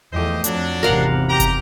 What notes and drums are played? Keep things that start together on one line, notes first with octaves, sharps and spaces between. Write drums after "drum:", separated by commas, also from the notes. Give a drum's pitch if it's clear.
E2 F3 A3 G4 C5 D#5
F2 F#3 D4, drum: hi-hat
G#1 E2 C3 A#4 F5 F#5
G4 A#5
drum: kick, hi-hat